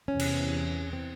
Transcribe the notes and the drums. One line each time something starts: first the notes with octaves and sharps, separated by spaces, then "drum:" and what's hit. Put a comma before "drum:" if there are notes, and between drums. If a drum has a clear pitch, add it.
E2 C3 E3 C#4
drum: cymbal
C4